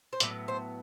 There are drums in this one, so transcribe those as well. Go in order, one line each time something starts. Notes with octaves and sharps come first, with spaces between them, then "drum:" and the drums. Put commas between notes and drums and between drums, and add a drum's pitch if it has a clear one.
C5
A2 F#3 B3 D5, drum: hi-hat
C5